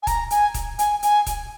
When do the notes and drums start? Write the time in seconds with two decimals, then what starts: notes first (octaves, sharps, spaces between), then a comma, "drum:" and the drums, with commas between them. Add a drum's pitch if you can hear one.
0.03 G#5
0.07 A#5, drum: kick D#1, hi-hat
0.30 G#5, drum: hi-hat
0.54 drum: kick D#1, hi-hat
0.79 G#5, drum: hi-hat
1.03 G#5, drum: hi-hat
1.26 drum: kick D#1, hi-hat